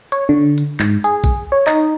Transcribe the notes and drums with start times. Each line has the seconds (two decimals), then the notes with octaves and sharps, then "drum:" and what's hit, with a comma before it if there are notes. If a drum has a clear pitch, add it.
0.12 C#5, drum: hi-hat
0.29 D3
0.58 drum: hi-hat
0.80 G#2, drum: clap
1.04 G#4, drum: hi-hat
1.24 drum: kick B1, hi-hat
1.52 C#5
1.67 D#4, drum: clap